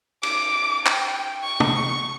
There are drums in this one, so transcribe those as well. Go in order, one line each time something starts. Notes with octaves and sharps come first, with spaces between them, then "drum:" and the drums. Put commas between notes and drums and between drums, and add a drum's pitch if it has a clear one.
D6, drum: cymbal
G5, drum: clap
C#6
drum: tom